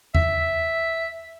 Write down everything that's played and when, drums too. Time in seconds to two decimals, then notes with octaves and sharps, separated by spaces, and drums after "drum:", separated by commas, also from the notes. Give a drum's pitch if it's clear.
0.15 E5, drum: tom E2